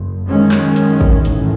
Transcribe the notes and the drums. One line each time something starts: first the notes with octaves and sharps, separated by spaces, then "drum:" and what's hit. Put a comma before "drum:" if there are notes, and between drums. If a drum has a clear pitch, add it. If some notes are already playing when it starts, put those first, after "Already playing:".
Already playing: F#1
F#2 D#3 G#3 C#4
drum: clap
drum: hi-hat
drum: kick
A1 A2, drum: hi-hat